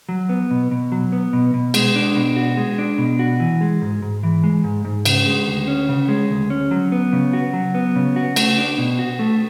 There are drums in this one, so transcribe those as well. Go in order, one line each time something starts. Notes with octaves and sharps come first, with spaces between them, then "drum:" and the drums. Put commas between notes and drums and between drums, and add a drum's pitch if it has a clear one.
F#3
B3
B2
B2
F#3
B3
B2
B2
G#3, drum: cymbal
D4
B2
F#4
G#3
D4
B2
F#4
E3
G#3
G#2
G#2
E3
G#3
G#2
G#2
C#3, drum: cymbal
G#3
D2
C#4
C#3
G#3
D2
C#4
F#3
B3
C#3
F#4
F#3
B3
C#3
F#4
A3, drum: cymbal
D4
B2
F#4
A3